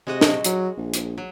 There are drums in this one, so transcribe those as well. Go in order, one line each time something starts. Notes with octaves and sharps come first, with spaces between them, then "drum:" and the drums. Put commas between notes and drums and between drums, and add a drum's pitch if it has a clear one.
C3 G#3 F#4 D#5
drum: snare
F#3, drum: hi-hat
A#1
drum: hi-hat
F#3